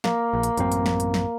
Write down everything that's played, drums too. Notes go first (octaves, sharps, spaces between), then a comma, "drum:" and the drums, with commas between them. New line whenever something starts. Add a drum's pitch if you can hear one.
A#3, drum: snare
A#1
drum: hi-hat
A1 F#2 C4, drum: hi-hat
drum: hi-hat
drum: snare
drum: hi-hat
drum: snare